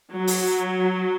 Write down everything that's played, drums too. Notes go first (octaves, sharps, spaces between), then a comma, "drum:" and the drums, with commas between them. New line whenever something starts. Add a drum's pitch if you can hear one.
F#3
drum: open hi-hat